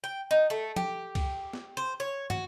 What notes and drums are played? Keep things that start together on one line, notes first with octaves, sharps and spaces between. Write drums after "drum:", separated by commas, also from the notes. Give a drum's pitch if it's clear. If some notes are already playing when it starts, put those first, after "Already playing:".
G5
D#4
A3
G4, drum: tom
drum: kick C2, cymbal
drum: snare
C5
C#5
F#4, drum: tom